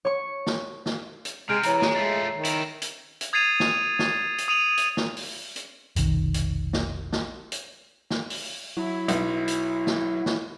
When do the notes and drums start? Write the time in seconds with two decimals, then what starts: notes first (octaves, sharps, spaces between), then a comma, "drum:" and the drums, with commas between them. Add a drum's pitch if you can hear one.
0.05 C#5 C#6
0.47 drum: snare
0.86 drum: snare
1.25 drum: hi-hat
1.49 C3 G#3 F6 G6 D7
1.63 E3 C#5 A#5 D7, drum: hi-hat
1.82 G#3, drum: snare
1.96 G#3 A3 F4
2.31 D#3
2.45 E4 A#4, drum: hi-hat
2.82 drum: hi-hat
3.21 drum: hi-hat
3.33 D#6 G#6 A6 C7 D#7 F7
3.60 drum: snare
3.99 drum: snare
4.38 drum: hi-hat
4.48 D#6 D#7 F7 F#7
4.77 drum: hi-hat
4.97 drum: snare
5.17 drum: open hi-hat
5.56 drum: hi-hat
5.96 F1 B1 D#3, drum: hi-hat
6.34 drum: hi-hat
6.73 drum: snare
7.13 drum: snare
7.52 drum: hi-hat
8.11 drum: snare
8.30 drum: open hi-hat
8.77 F#3 E4
9.08 B1, drum: hi-hat
9.48 drum: hi-hat
9.87 drum: snare
10.26 drum: snare